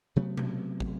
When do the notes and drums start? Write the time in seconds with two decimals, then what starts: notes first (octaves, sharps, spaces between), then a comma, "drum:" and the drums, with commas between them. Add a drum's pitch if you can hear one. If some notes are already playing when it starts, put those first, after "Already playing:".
0.16 C3 F#3 A3 B3
0.37 drum: tom B2
0.80 drum: kick